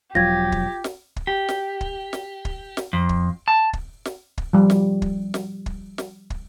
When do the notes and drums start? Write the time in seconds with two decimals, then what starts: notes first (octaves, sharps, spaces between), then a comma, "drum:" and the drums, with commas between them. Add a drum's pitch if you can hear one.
0.15 E1 F3 F#3 F4 G4 G#6 A#6
0.52 drum: kick
0.84 drum: snare
1.16 drum: kick
1.27 G4
1.49 drum: snare
1.81 drum: kick
2.13 drum: snare
2.45 drum: kick
2.77 drum: snare
2.93 F2
3.09 drum: kick
3.48 A5
3.73 drum: kick
4.05 drum: snare
4.38 drum: kick
4.53 F3 G3
4.70 drum: snare
5.02 drum: kick
5.34 drum: snare
5.66 drum: kick
5.98 drum: snare
6.30 drum: kick